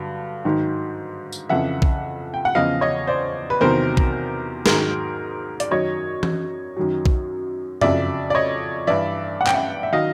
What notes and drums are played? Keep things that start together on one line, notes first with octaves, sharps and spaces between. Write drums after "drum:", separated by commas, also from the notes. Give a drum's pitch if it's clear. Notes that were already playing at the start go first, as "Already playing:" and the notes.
Already playing: G2 D3 F#3
G#2 D#3 F#3
drum: tambourine
F2 C#3 E3 E5 F#5
drum: kick B1
G5
F#5
E2 C#3 F3 D#5 F5
C#5 D#5
C5 D5
B4
E2 C3 D#3 F#3 A#4 C5
drum: kick B1
G#2 D#3 F#3 G#4 A#4, drum: snare
D5, drum: hi-hat
F#2 D#3 F#3 C#5 D#5
drum: tom E3
F#2 D#3 F#3
drum: kick B1
F2 C#3 F#3 D5 E5, drum: tom F#2
D5
C#5 D#5
G2 E3 D5 E5
F#5
G5, drum: clap
E5 F#5
E5
D#3 F#3 D#5 F5